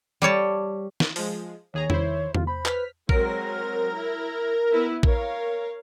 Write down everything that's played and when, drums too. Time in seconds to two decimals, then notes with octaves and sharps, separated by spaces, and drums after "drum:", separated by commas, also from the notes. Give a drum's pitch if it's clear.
0.22 G3 G4 C#5 A5
1.00 drum: snare
1.16 F3 G#3, drum: open hi-hat
1.74 D#2 D#3 G#4 C#5 A#5
1.90 E4 C5, drum: tom E2
2.35 D#3 F4, drum: tom E2
2.47 C5 B5
2.66 B4 F6 B6, drum: clap
3.09 F#3 G#3 C4 A#4, drum: kick A#1
3.93 E4
4.71 B3 E4 B4
5.03 A#4 C#5 F5, drum: kick A#1